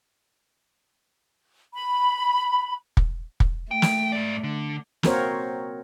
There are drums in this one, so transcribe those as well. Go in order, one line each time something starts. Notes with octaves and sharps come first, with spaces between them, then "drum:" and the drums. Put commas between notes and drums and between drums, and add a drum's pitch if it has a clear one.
B5
drum: kick
drum: kick
A3 G5
drum: snare
G#2 D5
D3
A#3 C4 F#4 A#4 C5 C#5, drum: snare